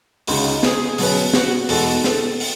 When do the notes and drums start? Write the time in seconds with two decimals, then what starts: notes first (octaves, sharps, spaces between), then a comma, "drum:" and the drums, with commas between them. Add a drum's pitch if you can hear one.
0.27 C#2 C#3 G#3 D#4 F#4, drum: open hi-hat
0.63 G#4, drum: snare
0.98 B2 F#3 C#4 G#4 B4, drum: open hi-hat
1.34 F#4, drum: snare
1.69 E2 B2 G#3 D#4 F#4 A4, drum: open hi-hat
2.04 A4, drum: snare
2.40 drum: open hi-hat